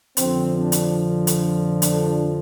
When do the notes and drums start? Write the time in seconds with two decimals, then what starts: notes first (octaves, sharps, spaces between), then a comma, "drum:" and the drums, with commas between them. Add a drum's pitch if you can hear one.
0.17 F2 D3 F3 C4, drum: hi-hat
0.59 D4
0.72 drum: hi-hat
1.27 drum: hi-hat
1.82 D4, drum: hi-hat